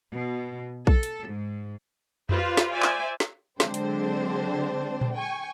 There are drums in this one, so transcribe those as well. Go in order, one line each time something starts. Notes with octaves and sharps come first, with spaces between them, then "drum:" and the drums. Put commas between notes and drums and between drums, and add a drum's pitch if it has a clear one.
B2
A4, drum: kick A#1
drum: hi-hat
G#2
F4 G4 B4 C5 D5, drum: tom F2
drum: snare
C5 D5 E5 G#5
drum: clap
drum: snare
D3 F#3 G#3 C4 D4 C5, drum: snare
drum: hi-hat
drum: tom A#2
G5 G#5 C#6